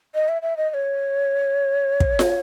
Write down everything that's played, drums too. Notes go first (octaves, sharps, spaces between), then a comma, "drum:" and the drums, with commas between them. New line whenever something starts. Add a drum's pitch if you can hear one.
D#5
E5
E5
D#5
D#5
C#5
drum: kick
drum: snare F4